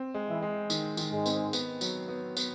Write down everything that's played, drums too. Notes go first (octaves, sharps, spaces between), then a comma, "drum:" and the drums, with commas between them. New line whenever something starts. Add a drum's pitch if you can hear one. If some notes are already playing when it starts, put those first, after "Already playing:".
Already playing: C4
G#3
E3 E4
G#3
D#3, drum: tambourine
D#3, drum: tambourine
G#2 G#3
C4, drum: tambourine
B3, drum: tambourine
F#3, drum: tambourine
B3
B3, drum: tambourine